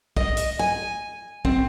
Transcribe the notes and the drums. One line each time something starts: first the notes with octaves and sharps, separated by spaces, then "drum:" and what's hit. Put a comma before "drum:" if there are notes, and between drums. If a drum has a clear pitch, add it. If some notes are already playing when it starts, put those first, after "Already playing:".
D#5, drum: kick
drum: hi-hat
G#5
C4, drum: kick